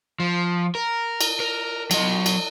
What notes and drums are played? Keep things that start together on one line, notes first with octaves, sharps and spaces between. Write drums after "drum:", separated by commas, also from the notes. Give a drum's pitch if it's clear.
F3
A#4
drum: cymbal
A#4
F#3 D#5, drum: cymbal
drum: cymbal